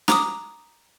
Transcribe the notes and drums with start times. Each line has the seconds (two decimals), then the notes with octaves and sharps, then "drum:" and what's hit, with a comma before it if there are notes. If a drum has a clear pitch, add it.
0.08 A#5 D6 D#6, drum: snare